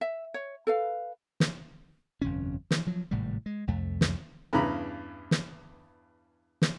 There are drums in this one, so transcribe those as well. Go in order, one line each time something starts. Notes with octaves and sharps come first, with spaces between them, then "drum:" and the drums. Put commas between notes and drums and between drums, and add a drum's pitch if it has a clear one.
E5
C#5
A4 B4 F5
drum: snare
G1 F2 C3 C#4
E3, drum: snare
F3 F#3
G#1 A2 C3 G3
G#3
C2 F2 A3
drum: snare
E2 G2 C#3 A#5 B5
drum: snare
drum: snare